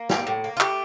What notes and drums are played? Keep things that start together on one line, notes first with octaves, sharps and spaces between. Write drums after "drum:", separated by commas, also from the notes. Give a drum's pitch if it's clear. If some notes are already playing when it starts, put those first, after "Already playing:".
Already playing: A#3
G3, drum: snare
A2
A#3
F4
A3 G4, drum: clap